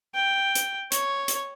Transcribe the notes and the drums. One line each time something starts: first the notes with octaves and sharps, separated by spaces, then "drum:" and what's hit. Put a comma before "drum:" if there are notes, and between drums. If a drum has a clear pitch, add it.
G5
drum: hi-hat
C#5, drum: hi-hat
drum: hi-hat